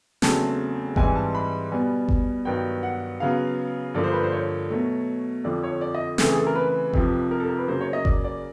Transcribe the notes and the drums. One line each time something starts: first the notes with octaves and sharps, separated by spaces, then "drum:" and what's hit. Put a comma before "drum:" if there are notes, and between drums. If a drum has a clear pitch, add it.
E2 C#3 F#3 A3 C4 A5, drum: snare
G#2 E3 G3 C4 G#5, drum: kick G1
A5
B5
B2 G3 B3 G#5
drum: kick G1
G2 D#3 F#3 B3 G5
F#5
C#3 F#3 B3 F5
G2 D3 F3 A#3 D5
C5
B4
C5
C#5
B2 F#3 A3
F2 D3 F3 D5
C#5
D5
D#5
C#3 E3 A3 C4 A4, drum: snare
G#4
A4
A#4
B4
F2 C3 F3, drum: kick G1
A#4
A4
A#4
B4
C#3 F#3 A#3 C5
C#5
D#5
D5, drum: kick G1
D5